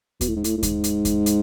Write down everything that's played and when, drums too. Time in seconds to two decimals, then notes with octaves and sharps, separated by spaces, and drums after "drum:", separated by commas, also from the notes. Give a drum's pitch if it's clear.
0.21 B2, drum: kick D#2, hi-hat
0.28 A2
0.37 G#2
0.44 A2, drum: hi-hat
0.58 A2
0.63 G#2, drum: kick D#2, hi-hat
0.84 drum: hi-hat
1.05 drum: kick D#2, hi-hat
1.26 drum: hi-hat